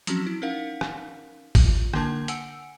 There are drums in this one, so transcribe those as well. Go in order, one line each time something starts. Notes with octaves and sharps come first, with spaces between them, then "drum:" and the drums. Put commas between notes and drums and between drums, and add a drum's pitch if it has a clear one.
F3 F#3 C4 C#4 F#4, drum: hi-hat
E4
C#4 D#4 A#4 F5 F#5
drum: rim click
drum: kick, open hi-hat
F4
D3 A#3 D4 A#4 A5 G6, drum: rim click
F#5 G#5 E6 C#7 D7, drum: hi-hat